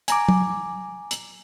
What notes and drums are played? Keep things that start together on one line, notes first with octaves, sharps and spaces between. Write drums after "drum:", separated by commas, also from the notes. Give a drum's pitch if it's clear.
G#5 A#5 D6, drum: hi-hat
drum: tom
drum: hi-hat